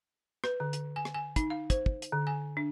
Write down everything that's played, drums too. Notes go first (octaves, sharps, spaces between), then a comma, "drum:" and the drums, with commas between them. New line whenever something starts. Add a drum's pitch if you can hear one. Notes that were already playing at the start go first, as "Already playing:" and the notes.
B4, drum: rim click
D3
drum: hi-hat
G#5
drum: rim click
G#5
D#4, drum: kick, hi-hat
F5
C5, drum: kick, hi-hat
drum: kick
drum: hi-hat
D3
G#5
D4